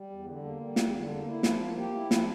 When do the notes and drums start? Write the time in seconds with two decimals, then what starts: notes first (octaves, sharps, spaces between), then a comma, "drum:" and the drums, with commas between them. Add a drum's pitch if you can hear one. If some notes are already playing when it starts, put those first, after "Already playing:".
Already playing: G3
0.10 E2
0.26 D3
0.44 A#3
0.60 G3
0.76 E2, drum: snare
0.94 D3
1.10 A#3
1.27 E4
1.43 F3, drum: snare
1.60 A#3
1.77 G4
1.95 E4
2.11 F3, drum: snare